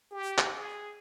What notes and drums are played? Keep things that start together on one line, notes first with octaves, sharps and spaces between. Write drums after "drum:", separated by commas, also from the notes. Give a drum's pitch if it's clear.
G4
drum: clap
G#4